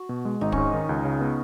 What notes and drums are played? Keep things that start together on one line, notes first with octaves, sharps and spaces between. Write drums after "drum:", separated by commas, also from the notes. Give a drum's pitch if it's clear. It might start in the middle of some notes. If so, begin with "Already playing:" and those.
Already playing: F#4
B2
G#3
G#1 D#4
C#4, drum: kick
G#2
D#3
C#2
C#3
B3